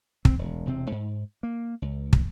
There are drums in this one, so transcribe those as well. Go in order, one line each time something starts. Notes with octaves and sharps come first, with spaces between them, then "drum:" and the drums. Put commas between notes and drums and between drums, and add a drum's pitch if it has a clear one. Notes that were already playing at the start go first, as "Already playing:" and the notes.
C4, drum: kick
E1
E1 C3 C4
G#2
A#3
C#2
drum: kick